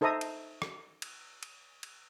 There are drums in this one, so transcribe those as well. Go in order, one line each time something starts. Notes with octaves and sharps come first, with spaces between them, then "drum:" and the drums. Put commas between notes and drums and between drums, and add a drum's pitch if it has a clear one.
D#4 A4 C5 E5 A#5 D#6
drum: cymbal
drum: rim click
drum: cymbal
drum: cymbal
drum: cymbal